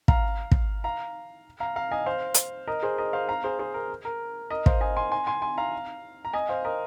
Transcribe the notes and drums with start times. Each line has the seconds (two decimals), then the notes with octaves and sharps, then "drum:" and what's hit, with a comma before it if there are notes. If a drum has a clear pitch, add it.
0.08 F5 A#5, drum: kick
0.51 drum: kick
0.84 F5 A#5
1.60 F5 A#5
1.76 F5 A#5
1.91 D#5 G#5
2.06 C5 F5
2.34 drum: hi-hat
2.67 A#4 D#5
2.83 G#4 C5
2.98 A#4 D#5
3.13 C5 F5
3.29 F5 A#5
3.44 G#4 C5
3.59 G#4 C5
3.74 A#4
4.05 A#4
4.50 A#4 D#5
4.66 C5 F5, drum: kick
4.81 D#5 G#5
4.97 G#5 C6
5.12 G#5 C6
5.27 G#5 C6
5.42 G#5 C6
5.58 F5 A#5
6.25 A#5
6.33 D#5 G#5
6.49 C5 F5
6.65 A#4 D#5